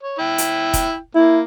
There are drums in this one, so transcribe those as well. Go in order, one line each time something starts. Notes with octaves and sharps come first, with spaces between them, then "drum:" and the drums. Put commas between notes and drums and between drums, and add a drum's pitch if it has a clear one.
C#5
E4 G5
drum: hi-hat
drum: kick E1, hi-hat
A#3 E4